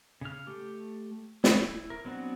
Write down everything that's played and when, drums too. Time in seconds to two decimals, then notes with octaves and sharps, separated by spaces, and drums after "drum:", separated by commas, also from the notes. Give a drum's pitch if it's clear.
0.21 C#3 F6
0.47 A3 G4
1.44 E4, drum: snare
1.90 A#4
2.05 F#3 B3 C4 D4 F#4